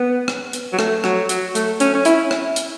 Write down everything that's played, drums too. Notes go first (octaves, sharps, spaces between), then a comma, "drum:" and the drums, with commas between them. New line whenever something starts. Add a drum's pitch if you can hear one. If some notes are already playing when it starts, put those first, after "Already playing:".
Already playing: B3
drum: rim click
drum: hi-hat
F#3
A3, drum: rim click
F#3, drum: rim click
F#3, drum: hi-hat
A3, drum: hi-hat
C#4, drum: hi-hat
C#4
E4, drum: hi-hat
drum: rim click
drum: hi-hat